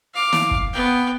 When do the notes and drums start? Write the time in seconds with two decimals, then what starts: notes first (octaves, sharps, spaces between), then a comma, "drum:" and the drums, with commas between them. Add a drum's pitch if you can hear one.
0.14 F5 D6
0.33 drum: snare
0.51 drum: kick
0.73 B3 G5